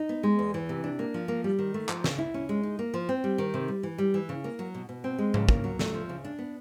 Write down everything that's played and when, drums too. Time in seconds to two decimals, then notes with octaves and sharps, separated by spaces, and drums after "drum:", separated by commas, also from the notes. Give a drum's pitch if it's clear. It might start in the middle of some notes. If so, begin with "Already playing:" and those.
Already playing: D#4
0.09 B3
0.23 G#3
0.39 E2
0.54 E3
0.69 C3
0.84 D4
0.99 A#3
1.14 F3
1.28 A#3
1.44 G3
1.59 D#3
1.74 A3
1.89 F3, drum: clap
2.04 C#3, drum: snare
2.18 E4
2.34 C#4
2.49 G#3
2.63 D#4
2.79 A#3
2.94 F3
3.09 C4
3.24 G3
3.38 D#3
3.54 C3
3.68 G3
3.83 E3
3.98 G3
4.14 E3
4.29 C#3
4.44 A#3
4.59 F#3
4.74 B2
4.89 B2
5.04 C4
5.18 G#3
5.34 C#3, drum: tom G#2
5.49 A#3, drum: kick
5.64 F#3
5.79 A3, drum: snare
5.94 F3
6.09 C#3
6.25 D4
6.39 B3